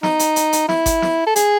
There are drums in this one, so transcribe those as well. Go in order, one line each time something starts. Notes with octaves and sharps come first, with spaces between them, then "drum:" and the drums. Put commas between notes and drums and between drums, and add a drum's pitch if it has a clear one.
D#4, drum: snare
drum: hi-hat
drum: hi-hat
drum: hi-hat
E4, drum: snare
drum: kick G1, hi-hat
drum: snare
A4
G#4, drum: hi-hat